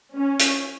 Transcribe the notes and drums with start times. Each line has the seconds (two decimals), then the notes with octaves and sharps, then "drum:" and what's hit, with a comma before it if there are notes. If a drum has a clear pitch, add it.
0.17 C#4
0.39 drum: hi-hat